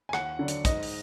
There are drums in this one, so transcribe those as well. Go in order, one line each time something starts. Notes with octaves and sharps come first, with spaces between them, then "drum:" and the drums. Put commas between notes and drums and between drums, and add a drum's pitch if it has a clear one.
G#5
D#2 F#5, drum: rim click
D3 F#3 D4
drum: hi-hat
G#2 D#5, drum: kick, hi-hat
drum: open hi-hat